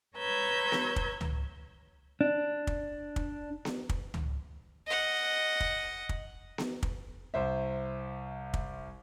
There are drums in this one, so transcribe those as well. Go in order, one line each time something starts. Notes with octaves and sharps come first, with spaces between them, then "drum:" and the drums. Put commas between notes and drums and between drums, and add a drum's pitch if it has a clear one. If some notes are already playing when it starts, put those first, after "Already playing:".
B4 C#5 A#5 E6 G6 G#6
drum: snare B3
drum: kick
drum: tom C#2
D4
drum: kick
drum: kick
drum: snare B3
drum: kick
drum: tom C#2
D#5 F#5
drum: kick
drum: kick
drum: snare B3
drum: kick
C2 C5 E5
drum: kick